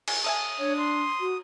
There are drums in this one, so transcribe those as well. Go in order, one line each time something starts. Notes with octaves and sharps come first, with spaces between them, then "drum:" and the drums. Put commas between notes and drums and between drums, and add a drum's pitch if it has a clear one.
G#4, drum: cymbal
A4 E5 G#5 D#6
D4 C#5
C6
F#4